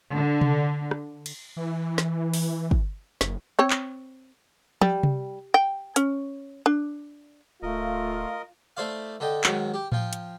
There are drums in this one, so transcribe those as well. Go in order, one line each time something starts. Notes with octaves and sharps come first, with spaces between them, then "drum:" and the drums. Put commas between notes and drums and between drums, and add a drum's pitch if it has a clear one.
D3
drum: tom C3
drum: rim click
drum: cymbal
E3
drum: snare
drum: open hi-hat
drum: kick
F#1, drum: snare
C4 C#5 G5
drum: clap
G3, drum: tom
drum: tom C3
G5
C#4, drum: hi-hat
D4
D1 A3 F4 A#4 D#5
A3 E4 C5 D5 F5
D3 A4 D#5 G5
G#2 D#3 F#3, drum: clap
G4
F3 G5, drum: tom A2
drum: hi-hat